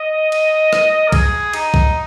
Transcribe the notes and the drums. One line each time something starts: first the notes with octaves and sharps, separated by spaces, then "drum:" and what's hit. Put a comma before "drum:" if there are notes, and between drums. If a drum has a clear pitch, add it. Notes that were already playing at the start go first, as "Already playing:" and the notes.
Already playing: D#5
drum: cymbal
drum: rim click
A#4
G#4, drum: kick, cymbal
D#4, drum: cymbal
drum: kick